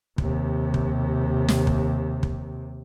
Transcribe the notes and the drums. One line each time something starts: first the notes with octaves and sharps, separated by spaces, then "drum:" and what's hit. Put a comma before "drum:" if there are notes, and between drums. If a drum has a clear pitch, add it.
D#2 C3, drum: kick
drum: kick
drum: snare
drum: kick
drum: kick